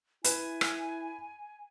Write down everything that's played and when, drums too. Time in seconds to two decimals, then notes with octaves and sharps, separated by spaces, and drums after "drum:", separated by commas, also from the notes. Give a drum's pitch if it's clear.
0.24 E4 B4 G#5, drum: hi-hat
0.61 drum: rim click